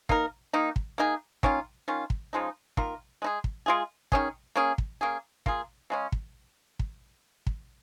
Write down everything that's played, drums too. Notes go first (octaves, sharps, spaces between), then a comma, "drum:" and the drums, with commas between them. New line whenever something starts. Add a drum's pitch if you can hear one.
A#3 D#4 A#4, drum: kick
D#3 A#3 D#4
drum: kick
A#3 D#4 G#4
D#3 A#3 C#4 F4, drum: kick
D#3 C#4 F4
drum: kick
C#3 F3 G#3 D#4
D#3 A#3 F4 A#4, drum: kick
G#3 D#4 G#4
drum: kick
G#3 F4 G#4
D#3 C#4 G#4, drum: kick
A#3 C#4 G#4
drum: kick
A#3 C#4 G#4
A#3 F4 G#4, drum: kick
C#3 G#3 C#4
drum: kick
drum: kick
drum: kick